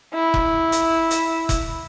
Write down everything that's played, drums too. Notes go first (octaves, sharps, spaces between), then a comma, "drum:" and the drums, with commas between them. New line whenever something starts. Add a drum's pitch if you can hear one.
E4
drum: kick F1
drum: hi-hat
drum: hi-hat
drum: kick F1, hi-hat